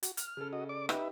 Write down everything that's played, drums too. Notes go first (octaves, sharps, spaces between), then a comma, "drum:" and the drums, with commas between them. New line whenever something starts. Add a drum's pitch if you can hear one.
F#4, drum: hi-hat
F6, drum: hi-hat
C#3 A4
F#4 D#5
D5 D6
D#4 G4 B4 E5, drum: rim click